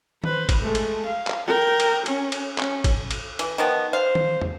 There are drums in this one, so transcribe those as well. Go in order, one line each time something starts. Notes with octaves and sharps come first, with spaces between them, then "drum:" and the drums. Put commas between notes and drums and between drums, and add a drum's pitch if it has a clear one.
B4 C5, drum: tom D#3
drum: kick, cymbal
G#3 A3
drum: cymbal
F5
drum: clap
A#4 G5
drum: cymbal
C#4, drum: cymbal
drum: cymbal
C#4, drum: clap
drum: kick, cymbal
drum: cymbal
E3, drum: cymbal
D#3 F3 B3
C5 F5
drum: tom D#3
drum: tom